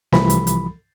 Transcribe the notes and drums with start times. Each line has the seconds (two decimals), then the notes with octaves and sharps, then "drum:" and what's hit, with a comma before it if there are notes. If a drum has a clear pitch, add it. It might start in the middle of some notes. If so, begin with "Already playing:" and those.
0.12 C2 E3 F3 G3 B5, drum: snare
0.30 drum: hi-hat
0.47 drum: hi-hat